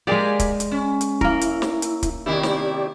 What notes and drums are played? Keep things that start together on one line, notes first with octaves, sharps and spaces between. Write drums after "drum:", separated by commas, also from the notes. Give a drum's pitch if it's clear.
G#3 A#3 G4 G#4 D5
drum: kick, hi-hat
drum: hi-hat
C#4
drum: hi-hat
A#3 E4 A#4, drum: kick
drum: hi-hat
drum: snare
drum: hi-hat
drum: kick, hi-hat
C3 D#3 E4 G4 D5
drum: snare